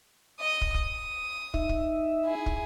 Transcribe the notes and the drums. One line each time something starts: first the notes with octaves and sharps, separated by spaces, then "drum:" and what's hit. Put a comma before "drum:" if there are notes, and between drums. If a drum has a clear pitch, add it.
D#5 D#6
drum: kick
D#6, drum: kick
D#4 E5, drum: kick
drum: kick
E4 G#4
drum: kick